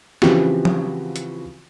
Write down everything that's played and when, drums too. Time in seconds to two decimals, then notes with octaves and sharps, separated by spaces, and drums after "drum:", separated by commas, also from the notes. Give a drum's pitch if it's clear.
0.22 C#3 E3 F3 C4 F#4 G4, drum: snare
0.65 drum: tom
1.16 drum: hi-hat